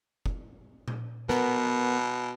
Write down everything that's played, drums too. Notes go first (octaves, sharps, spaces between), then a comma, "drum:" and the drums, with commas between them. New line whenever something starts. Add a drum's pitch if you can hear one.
drum: kick
drum: tom A#2
B2 B3 A#4, drum: snare